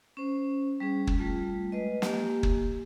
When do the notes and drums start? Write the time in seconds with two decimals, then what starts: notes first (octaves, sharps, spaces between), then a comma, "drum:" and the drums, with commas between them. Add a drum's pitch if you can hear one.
0.17 C#4 C5
0.80 G3 C#4 G#4
1.07 drum: kick
1.19 G3 A3 F4
1.72 G#3 B4 D#5
2.02 A#3 G4 G#5, drum: snare
2.43 drum: kick